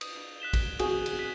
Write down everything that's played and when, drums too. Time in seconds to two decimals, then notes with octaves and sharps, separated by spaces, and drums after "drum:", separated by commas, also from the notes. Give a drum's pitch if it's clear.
0.01 D#6, drum: cymbal
0.40 F#6 B6 E7 G7
0.53 drum: kick A1, cymbal
0.79 F#4 G#4 D#6, drum: cymbal
1.06 drum: cymbal
1.19 F#6 B6